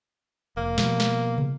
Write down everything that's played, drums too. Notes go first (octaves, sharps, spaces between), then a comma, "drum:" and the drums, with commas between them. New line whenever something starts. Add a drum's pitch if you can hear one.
F1 A#3
B2 F3 G3, drum: snare
drum: snare
drum: tom